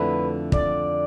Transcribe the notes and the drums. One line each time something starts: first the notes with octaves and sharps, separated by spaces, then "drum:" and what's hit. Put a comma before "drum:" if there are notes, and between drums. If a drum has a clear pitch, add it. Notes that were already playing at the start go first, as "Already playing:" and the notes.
Already playing: F2 D3 A3 E4 B4
D5, drum: kick